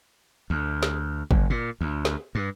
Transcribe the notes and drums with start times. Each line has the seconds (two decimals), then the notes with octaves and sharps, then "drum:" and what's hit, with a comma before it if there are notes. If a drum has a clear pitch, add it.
0.50 D2
0.83 drum: snare
1.31 F#1, drum: kick
1.50 A#2
1.81 D2
2.05 drum: snare
2.35 G2